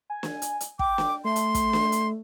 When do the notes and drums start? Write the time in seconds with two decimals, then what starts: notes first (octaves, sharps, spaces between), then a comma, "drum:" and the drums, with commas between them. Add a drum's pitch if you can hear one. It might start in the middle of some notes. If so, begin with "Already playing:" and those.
0.10 G#5
0.23 drum: snare
0.42 drum: hi-hat
0.61 drum: hi-hat
0.79 G5 D6, drum: kick
0.98 drum: snare
1.25 A3 C6
1.36 drum: hi-hat
1.54 drum: kick, hi-hat
1.73 drum: snare
1.92 drum: hi-hat